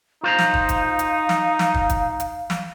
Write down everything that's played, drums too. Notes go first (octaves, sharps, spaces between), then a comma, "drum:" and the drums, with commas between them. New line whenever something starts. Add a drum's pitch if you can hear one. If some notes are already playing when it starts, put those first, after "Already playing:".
D#4 F4 C5 F5 A#5
drum: snare
drum: kick
drum: kick, hi-hat
drum: hi-hat
drum: snare
drum: snare
drum: kick
drum: kick, hi-hat
drum: hi-hat
drum: snare